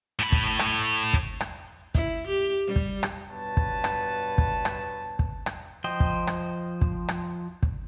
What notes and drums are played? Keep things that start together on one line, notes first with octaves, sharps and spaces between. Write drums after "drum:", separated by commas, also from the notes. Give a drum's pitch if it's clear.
A2 B5
drum: kick
drum: rim click
drum: kick
drum: rim click
E4, drum: kick
G4
G3
drum: kick
drum: rim click
G2 B2 B3 B4 C#5 A5
drum: kick
drum: rim click
drum: kick
drum: rim click
drum: kick
drum: rim click
F3 C5 D#5 G5
drum: kick
drum: rim click
drum: kick
drum: rim click
drum: kick